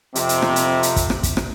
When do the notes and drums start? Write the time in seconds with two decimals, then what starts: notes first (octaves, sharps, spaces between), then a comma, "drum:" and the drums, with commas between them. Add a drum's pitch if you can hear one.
0.15 F2 C3, drum: hi-hat
0.29 drum: hi-hat
0.42 drum: rim click
0.56 drum: hi-hat
0.83 drum: hi-hat
0.96 drum: kick, hi-hat
1.10 drum: rim click
1.23 drum: kick, hi-hat
1.37 drum: rim click